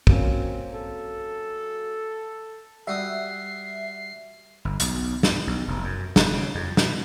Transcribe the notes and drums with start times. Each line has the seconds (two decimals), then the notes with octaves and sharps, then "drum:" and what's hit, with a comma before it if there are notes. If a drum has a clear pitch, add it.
0.07 F#3 A#3 C4 C#4, drum: kick
0.74 A4
2.87 G3 F#4 E5 D#6 C7
4.65 G1
4.80 B1, drum: hi-hat
5.23 G2, drum: snare
5.47 B1
5.68 F1
5.84 F#2
6.16 E1, drum: snare
6.33 C#3
6.55 F2
6.77 B2, drum: snare